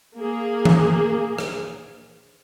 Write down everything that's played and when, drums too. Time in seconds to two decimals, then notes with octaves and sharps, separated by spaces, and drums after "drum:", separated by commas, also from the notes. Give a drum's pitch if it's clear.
0.19 A#3 G#4
0.65 drum: tom E3
1.38 drum: rim click